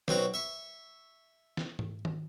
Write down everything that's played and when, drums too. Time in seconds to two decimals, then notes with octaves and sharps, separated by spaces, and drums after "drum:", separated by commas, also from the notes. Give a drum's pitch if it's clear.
0.08 B1 C4 F#4 A#5, drum: snare
0.34 E5 C#6
1.57 drum: snare
1.79 drum: tom G#2
2.05 drum: tom D#3